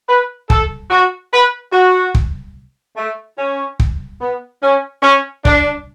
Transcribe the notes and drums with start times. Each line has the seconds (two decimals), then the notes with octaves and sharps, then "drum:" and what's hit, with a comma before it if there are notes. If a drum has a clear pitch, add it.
0.09 B4
0.50 A4, drum: kick
0.90 F#4
1.33 B4
1.73 F#4
2.15 drum: kick
2.97 A3
3.38 C#4
3.80 drum: kick
4.21 B3
4.63 C#4
5.03 C#4
5.45 D4, drum: kick